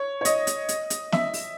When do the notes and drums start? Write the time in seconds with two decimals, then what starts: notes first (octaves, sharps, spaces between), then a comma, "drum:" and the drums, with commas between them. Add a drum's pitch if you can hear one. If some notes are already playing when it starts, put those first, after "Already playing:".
Already playing: C#5
0.21 C#5
0.25 D#5, drum: hi-hat
0.47 drum: hi-hat
0.69 drum: hi-hat
0.90 drum: hi-hat
1.12 E5, drum: snare
1.34 drum: open hi-hat